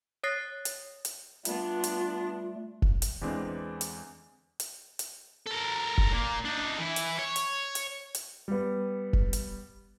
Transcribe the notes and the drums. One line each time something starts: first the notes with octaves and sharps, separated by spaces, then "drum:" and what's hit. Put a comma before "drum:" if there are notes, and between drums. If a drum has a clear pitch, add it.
C#5 D#6 F#6 A6 A#6 C7
drum: hi-hat
drum: hi-hat
G3 A3 B3 D4 F4, drum: hi-hat
drum: hi-hat
drum: kick F1
drum: hi-hat
E2 D3 E3 G#3 C4 D4
drum: hi-hat
drum: hi-hat
drum: hi-hat
A4 A#4
drum: kick F1
A#2 A#3
D4 D#4
E3 E4
drum: hi-hat
C#5
drum: hi-hat
drum: hi-hat
drum: hi-hat
G3 B3
drum: kick F1
drum: hi-hat